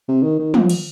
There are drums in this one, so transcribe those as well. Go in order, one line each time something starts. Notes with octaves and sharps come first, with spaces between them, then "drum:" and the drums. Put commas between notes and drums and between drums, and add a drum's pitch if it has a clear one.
C3
D#3
D#3
F3, drum: tom
drum: cymbal